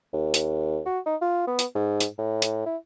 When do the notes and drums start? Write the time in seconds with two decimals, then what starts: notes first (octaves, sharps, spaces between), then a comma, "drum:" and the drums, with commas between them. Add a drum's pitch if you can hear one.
0.13 D#2
0.34 drum: hi-hat
0.86 F#4
1.06 D#4
1.22 F4
1.47 B3
1.59 drum: hi-hat
1.75 G#2
2.00 drum: hi-hat
2.19 A2
2.42 drum: hi-hat
2.66 E4